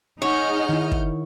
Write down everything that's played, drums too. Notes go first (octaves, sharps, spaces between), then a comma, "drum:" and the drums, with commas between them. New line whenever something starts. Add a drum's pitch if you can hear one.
D#4 G#4 C#5 F#5 F6 G6
D#3 E4
drum: kick